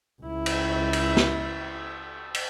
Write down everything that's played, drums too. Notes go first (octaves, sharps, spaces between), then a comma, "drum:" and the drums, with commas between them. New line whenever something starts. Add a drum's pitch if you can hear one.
C#2 E4
drum: cymbal
drum: cymbal
drum: snare
drum: cymbal